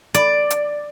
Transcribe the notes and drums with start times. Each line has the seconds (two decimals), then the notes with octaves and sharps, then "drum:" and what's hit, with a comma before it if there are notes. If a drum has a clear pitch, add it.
0.14 D5, drum: hi-hat
0.50 drum: hi-hat